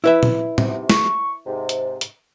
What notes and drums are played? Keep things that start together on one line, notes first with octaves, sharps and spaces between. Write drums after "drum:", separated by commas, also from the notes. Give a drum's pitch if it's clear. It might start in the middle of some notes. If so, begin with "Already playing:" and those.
E4 B4 E5
drum: tom A#2
G#2 C3, drum: tom
C#6, drum: snare
G#2 C3
drum: hi-hat
drum: hi-hat